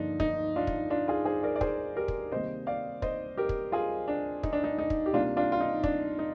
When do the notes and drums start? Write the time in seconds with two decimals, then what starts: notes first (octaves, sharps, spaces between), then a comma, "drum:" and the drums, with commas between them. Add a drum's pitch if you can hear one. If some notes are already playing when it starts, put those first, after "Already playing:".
Already playing: G2 D3 F3 A#3 D4 D#4
0.20 D#4, drum: kick
0.56 D4 F4
0.67 drum: kick
0.90 D4 F4
1.08 F4 G#4
1.25 G#4 C5
1.43 A#4 D5
1.56 D5
1.61 G#4 C5, drum: kick
1.97 G4 A#4
2.08 drum: kick
2.31 C3 D#3 G3 A#3 C5 D#5
2.67 D5 F5
3.02 C5 D#5, drum: kick
3.37 G4 A#4
3.49 drum: kick
3.72 F4 G#4
4.08 D4
4.43 D#4, drum: kick
4.53 D4
4.64 D#4
4.79 D#4
4.90 drum: kick
5.06 G4
5.13 C3 G3 A#3 D4 F4
5.37 D4 F4
5.52 F4
5.61 D#4
5.84 D4, drum: kick
6.19 D#4